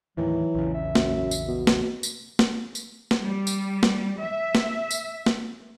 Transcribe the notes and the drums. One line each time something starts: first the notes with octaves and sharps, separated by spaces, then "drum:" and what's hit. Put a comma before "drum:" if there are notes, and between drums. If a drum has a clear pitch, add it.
D#2 A2 D#3 E3 F#3
A#1 E2 C#3
E5
F#2, drum: snare
drum: tambourine
B2
drum: snare
drum: tambourine
drum: snare
drum: tambourine
drum: snare
G3
drum: tambourine
drum: snare
E5
drum: snare
drum: tambourine
drum: snare